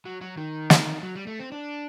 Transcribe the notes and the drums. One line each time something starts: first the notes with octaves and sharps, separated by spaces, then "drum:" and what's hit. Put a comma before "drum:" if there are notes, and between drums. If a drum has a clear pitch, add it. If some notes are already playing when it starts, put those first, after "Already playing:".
F#3
F#3
D#3
drum: snare
F#3
G3
A3
C4
D4